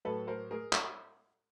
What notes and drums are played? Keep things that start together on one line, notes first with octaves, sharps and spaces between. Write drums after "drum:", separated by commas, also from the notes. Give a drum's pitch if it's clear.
A2 F#3 A4 B4
A#4 C5
G#4 A#4
drum: clap